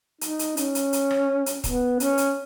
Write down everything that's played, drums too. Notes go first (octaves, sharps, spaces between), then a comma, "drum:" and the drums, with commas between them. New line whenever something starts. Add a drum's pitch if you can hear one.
D#4, drum: hi-hat
drum: hi-hat
C#4, drum: hi-hat
drum: hi-hat
drum: hi-hat
drum: rim click
drum: hi-hat
B3, drum: kick D#1, hi-hat
C#4, drum: hi-hat
drum: hi-hat